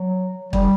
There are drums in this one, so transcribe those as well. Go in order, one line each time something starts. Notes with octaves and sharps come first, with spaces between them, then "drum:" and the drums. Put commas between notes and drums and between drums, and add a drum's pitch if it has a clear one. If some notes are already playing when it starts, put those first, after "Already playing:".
Already playing: F#3
G3, drum: kick